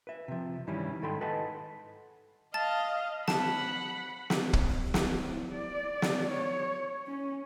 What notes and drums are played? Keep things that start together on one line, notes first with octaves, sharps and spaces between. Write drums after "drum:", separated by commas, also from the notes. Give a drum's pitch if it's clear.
B4 E5
C3 F3
G2 D#3 E3 G3 C#4 E4
G#2 D#3 A4 G5 B5 C6
A4 B4 D#5 F#5 G#5 A5
D#5 F5 A5 A6
F#5 A5 B5, drum: snare
drum: snare
drum: kick
E4, drum: snare
D5
drum: snare
C#5
C#4